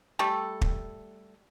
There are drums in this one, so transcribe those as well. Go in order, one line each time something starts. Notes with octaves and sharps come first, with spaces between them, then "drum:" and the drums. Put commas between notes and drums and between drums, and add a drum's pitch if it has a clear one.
G3 A3 A4
drum: kick